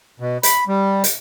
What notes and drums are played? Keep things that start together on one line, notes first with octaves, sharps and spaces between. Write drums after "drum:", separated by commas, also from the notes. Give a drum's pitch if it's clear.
B2
B5, drum: hi-hat
G3
drum: hi-hat